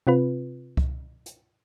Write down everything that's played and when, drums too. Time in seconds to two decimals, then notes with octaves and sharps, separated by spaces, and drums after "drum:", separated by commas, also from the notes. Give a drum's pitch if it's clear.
0.07 C3 C4 F4 B4
0.77 drum: kick C2
1.26 drum: hi-hat